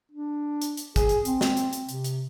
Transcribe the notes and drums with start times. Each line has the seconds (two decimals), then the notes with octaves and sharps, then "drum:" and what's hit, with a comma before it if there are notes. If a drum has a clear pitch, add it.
0.12 D4
0.62 drum: hi-hat
0.77 drum: hi-hat
0.96 G#4, drum: kick, hi-hat
1.09 drum: hi-hat
1.25 C4, drum: hi-hat
1.41 drum: snare
1.57 drum: hi-hat
1.73 drum: hi-hat
1.89 C3, drum: hi-hat
2.04 drum: hi-hat